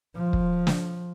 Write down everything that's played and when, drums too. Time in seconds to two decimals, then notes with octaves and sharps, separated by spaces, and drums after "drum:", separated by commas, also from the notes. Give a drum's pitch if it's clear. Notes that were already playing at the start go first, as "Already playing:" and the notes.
0.16 F3
0.33 drum: kick
0.67 drum: snare